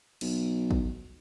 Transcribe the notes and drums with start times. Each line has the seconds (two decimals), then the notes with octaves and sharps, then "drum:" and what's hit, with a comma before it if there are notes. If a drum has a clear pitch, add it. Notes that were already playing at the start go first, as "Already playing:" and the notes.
0.21 B1, drum: cymbal
0.71 drum: kick A1